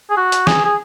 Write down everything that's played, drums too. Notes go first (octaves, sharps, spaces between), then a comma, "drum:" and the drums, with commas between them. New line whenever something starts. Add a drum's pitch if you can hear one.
G#4
F#4
drum: hi-hat
G#4, drum: snare
G#4